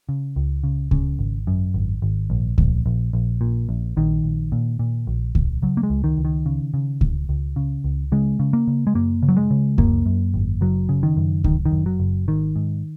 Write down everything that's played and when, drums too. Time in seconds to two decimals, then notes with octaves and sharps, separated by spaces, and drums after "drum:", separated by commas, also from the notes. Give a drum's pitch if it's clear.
0.09 C#3
0.36 C#2
0.64 C#3
0.91 C#3, drum: kick C#2
1.19 G#1
1.47 F#2
1.74 G#1
2.02 G#1
2.30 A#1
2.58 A#1, drum: kick C#2
2.86 A#1
3.13 A#1
3.41 A#2
3.69 A#1
3.97 A#1 D#3
4.24 A#1
4.52 A#2
4.79 A#2
5.07 A#1
5.35 A#1, drum: kick C#2
5.62 C#3 F#3
5.77 A#3
5.83 G#3
5.90 C#2
6.04 D#3
6.17 C#2
6.25 D#3
6.46 C#3
6.74 C#3
7.01 C#2, drum: kick C#2
7.29 C#2
7.56 C#3
7.84 C#2
8.12 C#3 G#3
8.40 C#3
8.53 A#3
8.67 C#3
8.87 G#3
8.95 F#2 A#3
9.23 C#3
9.28 F#3
9.37 G#3
9.51 C#3
9.78 F#2 A#3, drum: kick C#2
10.06 F#2
10.34 G#1
10.61 F#1 F#3
10.89 C#3
11.03 D#3
11.17 F#2
11.44 F#1 D#3, drum: kick C#2
11.65 D#3
11.72 F#2
11.86 F#3
12.00 F#1
12.28 G#1 D#3
12.56 G#2